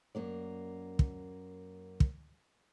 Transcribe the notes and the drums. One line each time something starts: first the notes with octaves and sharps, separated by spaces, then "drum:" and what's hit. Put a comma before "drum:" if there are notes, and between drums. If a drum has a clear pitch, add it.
F#2 A#3 D5
drum: kick
drum: kick